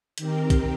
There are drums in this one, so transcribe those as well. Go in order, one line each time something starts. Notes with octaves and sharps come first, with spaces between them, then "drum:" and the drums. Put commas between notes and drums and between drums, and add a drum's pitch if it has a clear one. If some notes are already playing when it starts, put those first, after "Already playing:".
D#3 C4 G4 A#4, drum: hi-hat
drum: kick, hi-hat